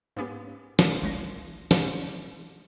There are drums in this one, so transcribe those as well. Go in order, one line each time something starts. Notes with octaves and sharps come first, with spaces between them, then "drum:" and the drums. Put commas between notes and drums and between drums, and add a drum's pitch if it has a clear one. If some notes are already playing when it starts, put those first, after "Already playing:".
G#2 A#3 B3 C#4 G4
drum: snare
G#1 C#2 G#3 A3 A#6
G3, drum: snare